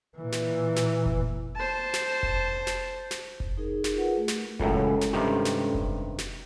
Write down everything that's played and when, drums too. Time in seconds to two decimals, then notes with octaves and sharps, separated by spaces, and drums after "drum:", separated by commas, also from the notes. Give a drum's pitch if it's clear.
0.18 A#2 E3
0.32 drum: snare
0.76 drum: snare
1.06 drum: kick F1
1.56 C5 A5
1.94 drum: snare
2.23 drum: kick F1
2.67 drum: snare
3.11 drum: snare
3.40 drum: kick F1
3.57 D#4 G#4 A#4
3.84 drum: snare
3.94 F4 G#4 A#4 B4 F#5
4.17 A3
4.28 drum: snare
4.60 C#2 F#2 A2 G#3 C#4 A4, drum: kick F1
5.01 drum: snare
5.13 G2 C3 D#3
5.45 drum: snare
5.74 drum: kick F1
6.18 drum: snare